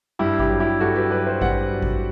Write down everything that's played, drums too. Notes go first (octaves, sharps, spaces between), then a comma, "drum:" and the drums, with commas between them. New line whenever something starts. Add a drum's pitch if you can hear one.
G2 E4 G4
E4 G4, drum: kick G#1
F#3
E4 G4
G2 F#4 A4
G4 B4
F#3 B4 D5
C5 E5
G2 D5 F#5, drum: kick G#1
F#3
drum: kick G#1